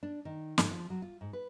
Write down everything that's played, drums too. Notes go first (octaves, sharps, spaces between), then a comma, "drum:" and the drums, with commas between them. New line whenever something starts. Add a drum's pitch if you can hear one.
D4
D#3
G#2, drum: snare
F3
F#3
F4
G#2
B4